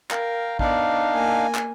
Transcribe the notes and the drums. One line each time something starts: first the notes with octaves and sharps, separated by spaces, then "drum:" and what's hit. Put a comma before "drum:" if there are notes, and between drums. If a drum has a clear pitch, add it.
A#4 F5 G5 A#5, drum: clap
B3 D4 D#4 D5 F5, drum: kick
A#3 G#5
drum: clap